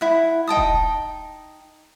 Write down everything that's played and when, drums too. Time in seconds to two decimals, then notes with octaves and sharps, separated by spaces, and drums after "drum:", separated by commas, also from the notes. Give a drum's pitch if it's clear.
0.01 E4 F#5
0.47 D#4 G5 A5 D#6
0.57 drum: kick D#1